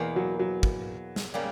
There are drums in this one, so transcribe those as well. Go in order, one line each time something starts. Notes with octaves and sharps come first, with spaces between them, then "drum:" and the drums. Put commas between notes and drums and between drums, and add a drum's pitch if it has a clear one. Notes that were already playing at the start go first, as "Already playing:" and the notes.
Already playing: E2 B2 A#3
F#3
F#3
drum: kick
drum: snare
C#3 G3 A#3